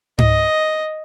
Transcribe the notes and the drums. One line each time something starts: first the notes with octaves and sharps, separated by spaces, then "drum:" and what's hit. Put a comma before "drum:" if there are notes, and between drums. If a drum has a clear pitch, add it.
D#5, drum: tom G#2